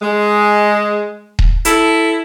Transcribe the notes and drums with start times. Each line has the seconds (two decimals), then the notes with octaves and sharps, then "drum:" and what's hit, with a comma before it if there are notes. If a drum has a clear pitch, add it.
0.01 G#3
1.39 drum: kick D#1
1.65 E4 A4, drum: hi-hat